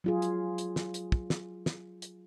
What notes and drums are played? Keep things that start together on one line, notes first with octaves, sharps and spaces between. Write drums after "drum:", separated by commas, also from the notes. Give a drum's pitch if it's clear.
F#3 F4 G#4
drum: hi-hat
drum: hi-hat
drum: snare
drum: hi-hat
drum: kick
drum: snare
drum: snare
drum: hi-hat